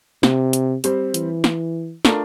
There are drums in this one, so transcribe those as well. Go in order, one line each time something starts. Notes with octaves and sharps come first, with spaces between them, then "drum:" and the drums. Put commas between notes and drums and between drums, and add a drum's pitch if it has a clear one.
C3, drum: snare
drum: hi-hat
G3 C4 G4 C5, drum: hi-hat
E3, drum: hi-hat
drum: snare
A3 D4 F4 A#4, drum: snare